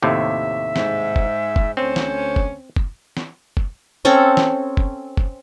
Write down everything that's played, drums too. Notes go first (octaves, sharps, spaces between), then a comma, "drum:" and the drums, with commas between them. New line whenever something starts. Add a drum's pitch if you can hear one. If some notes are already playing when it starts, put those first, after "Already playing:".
D#2 A2 C3 E5
G#2, drum: snare
drum: kick F#1
drum: kick F#1
D2 D3 C4 C#4 C5
drum: snare
drum: kick F#1
drum: kick F#1
drum: snare
drum: kick F#1
C4 C#4 A4 C#6
drum: snare
drum: kick F#1
drum: kick F#1